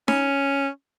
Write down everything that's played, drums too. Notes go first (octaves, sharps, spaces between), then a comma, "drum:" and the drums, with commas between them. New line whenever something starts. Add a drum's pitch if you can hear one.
C#4, drum: snare D#4